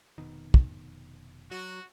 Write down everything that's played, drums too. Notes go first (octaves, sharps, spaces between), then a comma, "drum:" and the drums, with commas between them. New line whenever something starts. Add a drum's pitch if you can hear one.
F1 B2 D#3
drum: kick
F#3 F#4